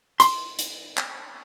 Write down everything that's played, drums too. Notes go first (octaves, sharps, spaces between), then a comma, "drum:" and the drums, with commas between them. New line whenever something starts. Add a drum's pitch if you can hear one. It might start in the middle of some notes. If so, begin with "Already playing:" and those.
C6, drum: hi-hat
drum: hi-hat
drum: clap